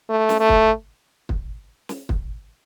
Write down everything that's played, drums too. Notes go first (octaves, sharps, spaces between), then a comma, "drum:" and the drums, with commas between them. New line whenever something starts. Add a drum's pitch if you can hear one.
A3
drum: snare
A3
drum: kick
drum: kick
drum: snare
drum: kick